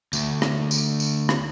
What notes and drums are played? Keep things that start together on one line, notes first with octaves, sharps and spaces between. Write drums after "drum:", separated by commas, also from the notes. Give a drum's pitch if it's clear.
D2, drum: tambourine
drum: rim click
drum: tambourine
drum: tambourine
drum: rim click